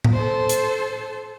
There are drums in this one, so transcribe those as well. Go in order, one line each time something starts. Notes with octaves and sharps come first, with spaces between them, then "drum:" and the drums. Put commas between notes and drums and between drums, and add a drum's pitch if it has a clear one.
drum: tom A2
A4 C5
drum: hi-hat